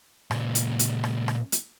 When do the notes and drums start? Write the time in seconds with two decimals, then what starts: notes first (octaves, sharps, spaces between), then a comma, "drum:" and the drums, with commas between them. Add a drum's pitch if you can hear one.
0.31 A#2 C#3, drum: rim click
0.55 drum: hi-hat
0.79 drum: hi-hat
1.04 drum: rim click
1.28 drum: rim click
1.52 drum: hi-hat